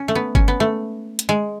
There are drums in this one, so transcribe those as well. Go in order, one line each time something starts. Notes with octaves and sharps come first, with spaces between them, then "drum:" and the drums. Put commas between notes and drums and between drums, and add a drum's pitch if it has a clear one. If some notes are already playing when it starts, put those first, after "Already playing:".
Already playing: C#4
A3
B3
C#4, drum: kick G1
B3
A3
drum: hi-hat
G#3